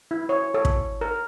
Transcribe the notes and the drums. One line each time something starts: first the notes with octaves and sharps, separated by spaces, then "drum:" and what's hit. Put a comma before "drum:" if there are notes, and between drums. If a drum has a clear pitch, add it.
E4
C#5
A4 C#5
drum: kick
A#4